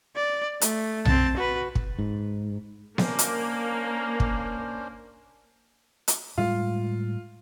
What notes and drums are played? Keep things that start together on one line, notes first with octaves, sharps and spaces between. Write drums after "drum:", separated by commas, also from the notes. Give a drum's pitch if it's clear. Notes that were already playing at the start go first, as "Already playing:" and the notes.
D5
A3, drum: hi-hat
C4 A5, drum: tom B1
F#4 B4
drum: kick
G#2
A#3 C#4 D4 C5, drum: snare B3
drum: hi-hat
drum: kick
drum: hi-hat
A2 G3 G#3 F4